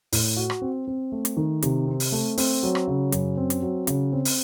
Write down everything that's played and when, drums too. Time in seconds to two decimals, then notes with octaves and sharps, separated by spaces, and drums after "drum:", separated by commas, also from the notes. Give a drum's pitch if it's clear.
0.12 A2, drum: open hi-hat
0.37 F#4
0.50 drum: rim click
0.62 C4
0.88 C4
1.12 A3
1.25 drum: hi-hat
1.37 D#3
1.62 C3, drum: hi-hat
1.87 C4
2.00 drum: open hi-hat
2.12 A3
2.37 C4, drum: open hi-hat
2.63 F#3
2.75 drum: rim click
2.88 C#3
3.12 F#2, drum: hi-hat
3.37 C4
3.50 drum: hi-hat
3.63 F#3
3.87 C#3, drum: hi-hat
4.13 C4
4.25 drum: open hi-hat